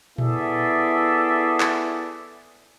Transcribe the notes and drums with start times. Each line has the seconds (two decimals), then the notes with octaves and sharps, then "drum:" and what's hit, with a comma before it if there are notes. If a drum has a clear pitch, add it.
0.18 B3 E4 G#4 A4 D5 E5, drum: tom A#2
1.60 drum: clap